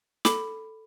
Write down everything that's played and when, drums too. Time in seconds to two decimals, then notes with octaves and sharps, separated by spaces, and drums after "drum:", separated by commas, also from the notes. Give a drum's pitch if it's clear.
0.25 A4 B5 D6, drum: snare